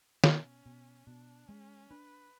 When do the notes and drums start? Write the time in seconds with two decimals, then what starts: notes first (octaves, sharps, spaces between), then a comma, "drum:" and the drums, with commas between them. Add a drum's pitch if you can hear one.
0.24 B2 C#4, drum: snare D#3
0.66 B2
1.07 B2 D4
1.48 G#3 C#4
1.90 D4 B4